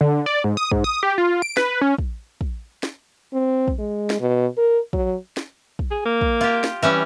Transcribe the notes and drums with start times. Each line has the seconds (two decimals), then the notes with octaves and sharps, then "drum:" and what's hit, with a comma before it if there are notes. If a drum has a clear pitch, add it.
0.01 D3
0.26 D5
0.44 G#2
0.57 D#6
0.72 G#2, drum: kick
0.84 D#6
1.03 G4
1.18 F4
1.42 D7
1.57 B4, drum: snare
1.81 C#4
1.98 drum: kick
2.41 drum: kick
2.83 drum: snare
3.33 C4
3.68 drum: kick
3.79 G#3
4.10 drum: snare
4.20 B2
4.57 A#4
4.93 F#3, drum: kick
5.37 drum: snare
5.79 drum: kick
5.91 G#4
6.05 A#3
6.21 drum: kick
6.41 F4 G4
6.64 drum: snare
6.83 E3 G3 C#4